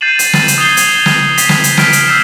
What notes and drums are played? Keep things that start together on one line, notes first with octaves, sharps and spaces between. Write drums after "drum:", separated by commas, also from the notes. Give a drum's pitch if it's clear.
G6 A6 C7 D#7 E7 F#7
A6, drum: hi-hat
drum: snare
drum: hi-hat
D#6 G6 G#6 C7 F7 G7
drum: hi-hat
drum: snare
B6 C7, drum: hi-hat
drum: snare
drum: hi-hat
F6 B6 D7, drum: snare
drum: hi-hat
E6 G6 G#6 C7 E7